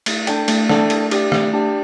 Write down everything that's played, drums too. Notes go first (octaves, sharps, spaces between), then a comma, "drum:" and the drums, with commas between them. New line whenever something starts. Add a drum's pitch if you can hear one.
A3, drum: cymbal
D4 A4 D5 G5, drum: cymbal
A3, drum: cymbal
D4 A4 D5 G5, drum: rim click
A3, drum: cymbal
D4 G4 D5 G5, drum: cymbal
A3, drum: rim click
D4 G4 D5 G5